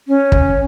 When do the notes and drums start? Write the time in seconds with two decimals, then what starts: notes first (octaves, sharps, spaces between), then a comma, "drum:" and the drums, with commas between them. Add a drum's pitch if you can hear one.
0.08 C#4
0.32 drum: kick